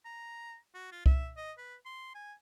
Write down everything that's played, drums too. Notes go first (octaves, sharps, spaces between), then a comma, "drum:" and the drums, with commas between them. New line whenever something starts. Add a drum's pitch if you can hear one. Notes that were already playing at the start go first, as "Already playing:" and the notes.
A#5
F#4
F4
E5, drum: kick C2
D#5
B4
C6
G#5